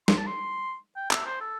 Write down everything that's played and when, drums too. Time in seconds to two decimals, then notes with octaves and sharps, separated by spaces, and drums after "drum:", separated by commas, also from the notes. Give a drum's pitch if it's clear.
0.08 C6, drum: snare
0.18 A5
0.27 C6
0.96 G5
1.11 E5, drum: clap
1.26 C5
1.41 A4